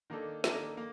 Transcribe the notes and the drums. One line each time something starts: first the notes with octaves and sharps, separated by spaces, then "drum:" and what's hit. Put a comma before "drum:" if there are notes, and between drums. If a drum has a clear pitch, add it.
D#3 A#3 D4 A4
D#3 A#3 D4 A4, drum: snare
A#3